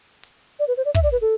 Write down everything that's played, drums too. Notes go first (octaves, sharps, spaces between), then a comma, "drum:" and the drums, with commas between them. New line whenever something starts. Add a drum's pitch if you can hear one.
drum: hi-hat
D5
B4
C5
D5
E5, drum: kick
D5
B4
A4